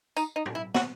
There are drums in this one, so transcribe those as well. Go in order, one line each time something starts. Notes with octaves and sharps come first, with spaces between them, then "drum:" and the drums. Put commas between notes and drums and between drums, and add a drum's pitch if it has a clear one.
D#4, drum: tambourine
D#4
drum: tom
E4
F#4, drum: snare